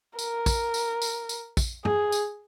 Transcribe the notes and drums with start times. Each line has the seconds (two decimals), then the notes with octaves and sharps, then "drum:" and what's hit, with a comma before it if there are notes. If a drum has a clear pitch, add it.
0.19 A#4, drum: tambourine
0.46 drum: kick, tambourine
0.74 drum: tambourine
1.02 drum: tambourine
1.29 drum: tambourine
1.57 drum: kick, tambourine
1.85 G#4, drum: tom
2.12 drum: tambourine